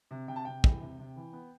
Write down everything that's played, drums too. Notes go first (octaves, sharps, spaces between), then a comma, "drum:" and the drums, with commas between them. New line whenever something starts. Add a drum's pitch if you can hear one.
C3
C3 G5
A5
C3 G5
E3, drum: kick
C3
C3
E3
B3